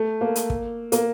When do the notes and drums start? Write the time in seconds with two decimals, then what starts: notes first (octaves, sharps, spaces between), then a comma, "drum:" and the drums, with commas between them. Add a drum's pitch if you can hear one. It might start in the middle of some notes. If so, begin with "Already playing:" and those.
Already playing: A3
0.21 A#3
0.36 drum: hi-hat
0.50 drum: kick
0.92 A#3, drum: hi-hat